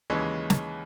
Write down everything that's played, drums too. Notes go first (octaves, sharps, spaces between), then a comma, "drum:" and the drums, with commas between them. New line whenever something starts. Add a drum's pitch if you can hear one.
D#2 C#3 E3 G#3 C#4
drum: snare